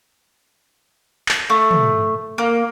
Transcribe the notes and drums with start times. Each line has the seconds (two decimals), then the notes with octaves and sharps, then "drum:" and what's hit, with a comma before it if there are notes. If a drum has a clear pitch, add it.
1.29 drum: clap
1.50 A3
1.71 drum: tom
2.38 A#3